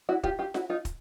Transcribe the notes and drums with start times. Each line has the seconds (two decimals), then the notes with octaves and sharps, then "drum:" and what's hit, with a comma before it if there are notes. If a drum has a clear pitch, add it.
0.09 E4 F#4
0.23 F4 G4, drum: kick
0.39 F4 G4
0.54 E4 F#4, drum: snare F4
0.70 D#4 F4
0.85 drum: kick, hi-hat